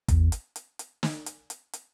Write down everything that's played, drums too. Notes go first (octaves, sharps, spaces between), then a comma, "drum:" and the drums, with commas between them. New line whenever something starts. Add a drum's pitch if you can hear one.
E2, drum: kick, hi-hat
drum: hi-hat
drum: hi-hat
drum: hi-hat
drum: snare
drum: hi-hat
drum: hi-hat
drum: hi-hat